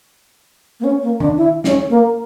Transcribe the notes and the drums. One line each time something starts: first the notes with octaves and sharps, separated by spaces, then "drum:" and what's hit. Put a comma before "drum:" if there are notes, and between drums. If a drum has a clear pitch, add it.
A#3
C#4
A#3
D4, drum: tom D#3
E4
C#4, drum: snare
A#3